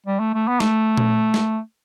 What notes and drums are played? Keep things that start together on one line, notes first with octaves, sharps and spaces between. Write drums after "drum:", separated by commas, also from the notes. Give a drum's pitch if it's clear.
G3
A3
A3
B3
A3, drum: snare
drum: tom A#2
drum: snare